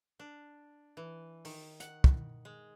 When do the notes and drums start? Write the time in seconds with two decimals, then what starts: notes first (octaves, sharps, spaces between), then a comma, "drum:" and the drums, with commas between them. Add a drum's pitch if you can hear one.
0.19 D4
0.97 E3
1.45 D#3, drum: open hi-hat
1.80 F#5, drum: hi-hat
2.04 drum: kick
2.45 G#3